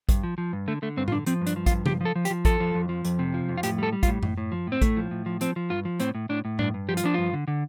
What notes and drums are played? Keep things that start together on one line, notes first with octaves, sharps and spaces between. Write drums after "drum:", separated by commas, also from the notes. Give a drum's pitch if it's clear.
G2, drum: kick A1, hi-hat
F3
F3
G2
D3 A3
D3 A3
G2 C4
F4, drum: tom A2
D3 D4
F3 C4, drum: hi-hat
G2
D4, drum: hi-hat
F3
F4, drum: kick A1, hi-hat
G2
F3 G4, drum: tom C#3
F3 A4
F3
G4, drum: hi-hat
F3
F2 A4, drum: kick A1, hi-hat
F3
F2
F3
F2, drum: hi-hat
C3
F3
F2
F4
A2 G4, drum: hi-hat
G3 A4
G3
F4, drum: kick A1, hi-hat
A2
A2, drum: tom F#2
A2
F3
A2 C4
A2 A3, drum: kick A1, hi-hat
F3
A2
F3
F3 C4, drum: hi-hat
F3
G2 F4
F3
A2 C4, drum: hi-hat
A2
A2 D4
A2
G2 D4, drum: tom A2
G2
F3 G4
F4, drum: hi-hat
F3 D4
G2 F4
D3
D3